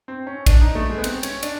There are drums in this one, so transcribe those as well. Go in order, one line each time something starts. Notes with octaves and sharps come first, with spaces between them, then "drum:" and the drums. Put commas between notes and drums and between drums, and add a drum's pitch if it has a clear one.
C4
C#4
D4, drum: kick, cymbal
D#4
A3
G#3
B3
C4, drum: cymbal
C#4, drum: cymbal
D4, drum: cymbal